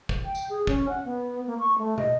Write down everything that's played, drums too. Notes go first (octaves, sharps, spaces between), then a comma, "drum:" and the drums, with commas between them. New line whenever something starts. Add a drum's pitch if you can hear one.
drum: kick
G5
drum: tambourine
G#4
C#4, drum: kick
F#5
B3
A#3
C#6
A3
D#5, drum: tom